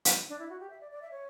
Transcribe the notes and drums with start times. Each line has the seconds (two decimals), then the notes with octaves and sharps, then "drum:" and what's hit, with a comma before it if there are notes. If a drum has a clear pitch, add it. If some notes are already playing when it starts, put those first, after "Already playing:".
0.05 drum: hi-hat
0.29 D4
0.39 E4
0.49 F#4
0.60 G4
0.70 E5
0.81 D5
0.91 D5
1.02 E5
1.11 C#5